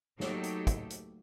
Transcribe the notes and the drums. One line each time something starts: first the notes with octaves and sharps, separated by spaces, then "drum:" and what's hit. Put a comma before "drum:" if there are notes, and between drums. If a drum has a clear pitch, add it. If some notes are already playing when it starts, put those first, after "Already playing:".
F#3 A3 A#3 D#4 G4 A4, drum: snare
drum: hi-hat
drum: kick, hi-hat
drum: hi-hat